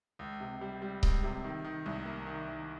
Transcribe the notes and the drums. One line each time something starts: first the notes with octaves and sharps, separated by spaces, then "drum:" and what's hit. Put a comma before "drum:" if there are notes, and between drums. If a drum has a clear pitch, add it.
C#2
C3
G3
G3
C#2, drum: kick C#1
C3
D#3
D#3
C2
A#3
D#3
D#3